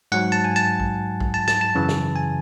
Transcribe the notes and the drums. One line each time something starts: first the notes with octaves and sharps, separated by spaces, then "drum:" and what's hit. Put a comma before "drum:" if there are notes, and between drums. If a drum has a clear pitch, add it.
G#2 F#3 F#5
A5
G#5
A5
drum: kick A#1
drum: kick A#1
A5
A5, drum: snare
A5
F#2 C#3 E3
drum: snare
G#5